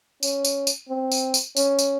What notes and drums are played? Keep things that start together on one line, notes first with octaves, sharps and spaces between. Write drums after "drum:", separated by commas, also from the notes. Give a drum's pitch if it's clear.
C#4, drum: tambourine
drum: tambourine
drum: tambourine
C4
drum: tambourine
drum: tambourine
C#4, drum: tambourine
drum: tambourine